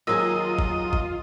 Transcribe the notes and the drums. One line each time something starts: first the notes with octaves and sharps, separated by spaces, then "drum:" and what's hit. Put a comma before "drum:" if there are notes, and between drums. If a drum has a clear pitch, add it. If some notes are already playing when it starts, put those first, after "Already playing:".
D#2 F#3 F4 G#4 A#4 D#5 E6
drum: kick G1
drum: kick G1